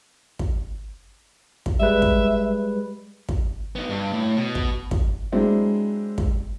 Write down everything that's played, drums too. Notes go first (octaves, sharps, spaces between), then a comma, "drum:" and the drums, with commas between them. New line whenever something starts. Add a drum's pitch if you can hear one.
drum: kick
drum: kick
G3 G#3 B4 E5
drum: kick
drum: kick
B3 D#4
G2
A2
B2
drum: kick
drum: kick
F#3 G#3 C4 D4 E4
drum: kick